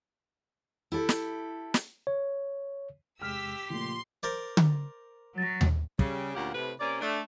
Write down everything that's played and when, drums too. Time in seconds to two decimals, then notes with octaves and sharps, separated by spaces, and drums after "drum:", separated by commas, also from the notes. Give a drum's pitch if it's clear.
0.92 E4 G4 A4
1.09 drum: snare
1.74 drum: snare
2.07 C#5
3.22 E2 C3 G#3 G4 E6 F6 B6
3.70 A#2 C#3 F3 A3 C6
4.23 A#4 C5 D5
4.57 drum: tom D3
5.38 F#3 A6 A#6
5.61 drum: tom D#2
5.99 C#3 G3, drum: kick
6.35 D2 A#2 A#3 C#4 G4 F#5
6.54 A2 C3 B4
6.80 C3 A#3 C#4 D5
7.01 A3 D4